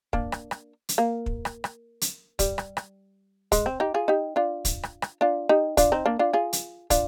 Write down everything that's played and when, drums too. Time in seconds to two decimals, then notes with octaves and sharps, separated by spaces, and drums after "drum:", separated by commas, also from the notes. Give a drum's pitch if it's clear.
0.13 A#3 D4, drum: kick
0.32 drum: rim click
0.51 drum: rim click
0.89 drum: hi-hat
0.98 A#3
1.26 drum: kick
1.45 drum: rim click
1.64 drum: rim click
2.01 drum: hi-hat
2.39 G3, drum: kick, hi-hat
2.58 drum: rim click
2.77 drum: rim click
3.52 G#3, drum: kick, hi-hat
3.66 C4
3.80 D#4 G4
3.94 F4 G#4
4.08 D#4 G4
4.36 D4 F4
4.65 drum: kick, hi-hat
4.83 drum: rim click
5.02 drum: rim click
5.21 D4 F4
5.49 D#4 G4
5.77 D4 F4, drum: kick, hi-hat
5.92 C4 D#4
6.06 A#3 D4
6.19 D4 F4
6.33 F4 G#4
6.53 drum: hi-hat
6.90 D4 F4, drum: kick, hi-hat